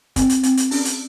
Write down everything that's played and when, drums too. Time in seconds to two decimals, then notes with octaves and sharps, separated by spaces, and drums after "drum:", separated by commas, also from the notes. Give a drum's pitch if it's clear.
0.16 C4, drum: kick, hi-hat
0.29 drum: hi-hat
0.43 C4, drum: hi-hat
0.57 drum: hi-hat
0.71 C#4, drum: open hi-hat
0.85 drum: hi-hat